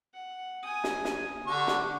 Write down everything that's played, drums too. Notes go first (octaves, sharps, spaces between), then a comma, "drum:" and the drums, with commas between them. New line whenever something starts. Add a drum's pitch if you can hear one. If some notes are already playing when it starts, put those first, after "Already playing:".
F#5
G#5 D#6
drum: snare
drum: snare
D3 G4 C#6
drum: snare